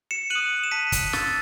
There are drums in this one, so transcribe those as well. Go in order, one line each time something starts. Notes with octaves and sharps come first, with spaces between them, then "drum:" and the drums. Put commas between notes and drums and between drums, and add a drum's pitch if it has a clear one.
C#7 E7
F#6 D#7 F#7
D#6
E7
A5 B6 D#7
drum: kick, hi-hat
E6 A6, drum: snare